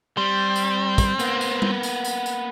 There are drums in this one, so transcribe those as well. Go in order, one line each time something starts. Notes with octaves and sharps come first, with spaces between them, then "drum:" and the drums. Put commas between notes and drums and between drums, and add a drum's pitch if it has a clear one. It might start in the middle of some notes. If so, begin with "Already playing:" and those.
G3 C4
drum: tambourine
drum: kick, tambourine
A#3 B3, drum: tambourine
drum: tambourine
drum: tom G3
drum: tambourine
drum: tambourine
drum: tambourine